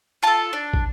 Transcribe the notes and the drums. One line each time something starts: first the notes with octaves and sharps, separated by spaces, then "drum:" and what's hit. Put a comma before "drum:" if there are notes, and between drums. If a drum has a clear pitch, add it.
F4 A4 A5
D4
drum: kick